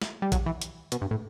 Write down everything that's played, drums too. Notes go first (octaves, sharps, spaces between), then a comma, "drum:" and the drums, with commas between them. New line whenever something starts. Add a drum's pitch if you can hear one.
drum: snare
G3
F#3, drum: kick, hi-hat
E3
drum: hi-hat
B2, drum: hi-hat
G2
A2